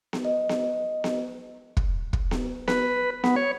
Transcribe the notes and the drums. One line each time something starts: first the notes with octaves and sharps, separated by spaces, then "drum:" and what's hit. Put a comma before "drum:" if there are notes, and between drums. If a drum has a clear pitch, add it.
drum: snare B3
D#5
drum: snare B3
drum: snare B3
drum: kick
drum: kick
drum: snare B3
B4, drum: snare B3
B3, drum: snare B3
C#5